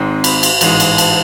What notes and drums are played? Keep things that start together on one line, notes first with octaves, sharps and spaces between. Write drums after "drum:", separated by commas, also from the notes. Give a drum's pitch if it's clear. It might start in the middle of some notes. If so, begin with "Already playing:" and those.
Already playing: G#1 G#2 G#3 C4
B5, drum: cymbal
drum: cymbal
A1 G#2 E3 G#3, drum: cymbal
drum: cymbal
A5, drum: cymbal